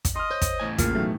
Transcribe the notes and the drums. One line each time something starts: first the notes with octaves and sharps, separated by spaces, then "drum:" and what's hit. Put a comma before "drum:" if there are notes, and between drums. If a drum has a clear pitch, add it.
drum: kick, hi-hat
D#5 C6 D#6 F6
C5 C#5 G6
drum: kick, hi-hat
E2 A2 G#5
C#2 A#3 F4 F5, drum: kick, hi-hat
B2 D#3 F#3 A3